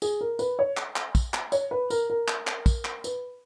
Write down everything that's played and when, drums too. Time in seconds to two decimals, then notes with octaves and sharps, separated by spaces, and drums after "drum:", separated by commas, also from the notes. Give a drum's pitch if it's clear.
0.02 G#4, drum: tambourine
0.21 A#4
0.39 B4, drum: tambourine
0.59 C#5
0.77 drum: clap
0.96 drum: clap
1.15 drum: kick, tambourine
1.34 drum: clap
1.52 C#5, drum: tambourine
1.71 B4
1.90 A#4, drum: tambourine
2.10 A#4
2.28 drum: clap
2.47 drum: clap
2.66 drum: kick, tambourine
2.85 drum: clap
3.04 B4, drum: tambourine